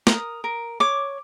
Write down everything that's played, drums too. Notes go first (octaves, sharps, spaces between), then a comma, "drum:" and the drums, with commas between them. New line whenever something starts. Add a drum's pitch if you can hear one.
A#4 D#6, drum: snare
A#4
C#5 D6